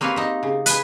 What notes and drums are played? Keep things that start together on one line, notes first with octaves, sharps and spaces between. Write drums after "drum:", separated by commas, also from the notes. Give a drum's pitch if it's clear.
A#3 C4 G4 B4 C#5 F5
C4 D#4
C#3
G#4 B4, drum: hi-hat